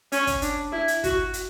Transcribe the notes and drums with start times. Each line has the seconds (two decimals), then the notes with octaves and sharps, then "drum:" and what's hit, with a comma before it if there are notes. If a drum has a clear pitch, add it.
0.12 C#4, drum: hi-hat
0.27 drum: kick, hi-hat
0.42 D4, drum: hi-hat
0.72 E4
0.88 drum: hi-hat
1.04 F#4, drum: kick, hi-hat
1.33 drum: hi-hat